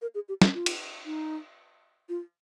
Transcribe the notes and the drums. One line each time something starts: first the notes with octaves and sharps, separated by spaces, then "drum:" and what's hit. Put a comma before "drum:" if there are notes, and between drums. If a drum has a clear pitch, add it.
A#4
G#4
G4
F4, drum: snare
F4
drum: cymbal
D#4
F4